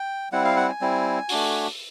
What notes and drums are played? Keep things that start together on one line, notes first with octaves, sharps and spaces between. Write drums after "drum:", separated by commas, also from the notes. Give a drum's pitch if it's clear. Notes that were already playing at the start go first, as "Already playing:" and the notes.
Already playing: G5
G3 C4 E4 F#5
F5
F#5
G#5
G3 C4 E4
A3 D4 F#4, drum: open hi-hat